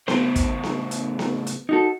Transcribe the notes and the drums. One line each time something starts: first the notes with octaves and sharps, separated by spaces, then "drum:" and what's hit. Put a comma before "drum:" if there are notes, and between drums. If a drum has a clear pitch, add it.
A2 C#3 C5, drum: snare B3
drum: kick, hi-hat
drum: snare B3
drum: hi-hat
drum: snare B3
drum: hi-hat
D#4 F#4 A4